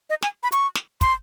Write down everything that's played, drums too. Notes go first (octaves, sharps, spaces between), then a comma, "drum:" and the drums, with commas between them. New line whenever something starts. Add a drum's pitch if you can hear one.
D#5
G#5, drum: snare
B5
C#6, drum: hi-hat
drum: snare
C6, drum: kick, hi-hat